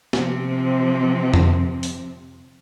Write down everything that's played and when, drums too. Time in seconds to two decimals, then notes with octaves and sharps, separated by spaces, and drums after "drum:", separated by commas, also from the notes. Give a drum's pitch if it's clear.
0.13 C3 F3 C4, drum: snare
1.34 drum: tom F2
1.83 drum: open hi-hat